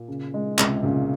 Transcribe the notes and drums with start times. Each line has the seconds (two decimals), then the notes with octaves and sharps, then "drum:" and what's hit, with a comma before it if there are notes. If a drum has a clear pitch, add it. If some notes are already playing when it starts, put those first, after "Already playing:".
Already playing: A#2
0.08 C#3
0.34 G#3
0.59 C#2 C3, drum: clap
0.83 A#2 C#3